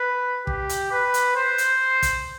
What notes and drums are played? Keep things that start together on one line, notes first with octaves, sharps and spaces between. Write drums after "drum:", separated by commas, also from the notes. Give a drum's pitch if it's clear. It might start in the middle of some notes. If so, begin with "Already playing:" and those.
Already playing: B4
G4, drum: kick
drum: hi-hat
B4
drum: hi-hat
C5
drum: hi-hat
drum: kick, hi-hat